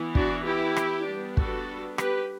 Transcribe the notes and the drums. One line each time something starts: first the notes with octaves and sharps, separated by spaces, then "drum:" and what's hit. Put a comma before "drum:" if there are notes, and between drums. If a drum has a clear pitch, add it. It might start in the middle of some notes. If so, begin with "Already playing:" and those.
Already playing: E3 B3
D4 F#4, drum: kick
E4 G4
drum: rim click
G3 B3 D4
F#4 A4, drum: kick
G4 B4, drum: rim click